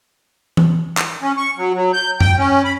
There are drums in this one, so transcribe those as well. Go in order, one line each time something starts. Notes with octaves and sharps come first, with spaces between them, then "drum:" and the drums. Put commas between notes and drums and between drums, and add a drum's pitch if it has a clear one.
drum: tom E3
drum: clap
C#4
C#6
F#3
F#3
G6
G5, drum: tom F#2
C#4
B5